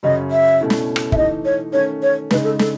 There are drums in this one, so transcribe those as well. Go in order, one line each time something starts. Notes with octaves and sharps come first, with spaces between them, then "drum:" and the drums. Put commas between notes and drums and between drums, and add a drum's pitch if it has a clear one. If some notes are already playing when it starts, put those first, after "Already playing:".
F#2 C#3 F#3 C#4 D#5
E5
B2 A3 C#4 E4
drum: snare
drum: rim click
E5, drum: kick
E3 A3 D#4 D#5
C#5
D#3 A3 C#4 C#5
C#5
C#3 G#3 D#4 B4, drum: snare
A4
A4, drum: snare